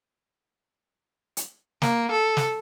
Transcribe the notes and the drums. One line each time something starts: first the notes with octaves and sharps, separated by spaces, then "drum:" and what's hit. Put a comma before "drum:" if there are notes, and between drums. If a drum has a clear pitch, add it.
drum: hi-hat
A#3, drum: snare
A4
drum: snare